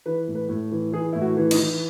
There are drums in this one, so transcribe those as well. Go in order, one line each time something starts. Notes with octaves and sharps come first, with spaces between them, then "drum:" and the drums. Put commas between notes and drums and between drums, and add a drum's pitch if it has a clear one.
E3 B4
A2
B4
A2
E3
E3 G#4
A2 E4
F#4
E3
D#4, drum: cymbal
E3